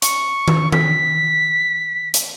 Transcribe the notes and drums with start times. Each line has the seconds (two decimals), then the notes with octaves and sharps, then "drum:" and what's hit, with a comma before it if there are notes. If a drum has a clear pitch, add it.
0.02 C#6, drum: hi-hat
0.48 drum: tom D#3
0.72 B6, drum: tom D#3
2.14 drum: hi-hat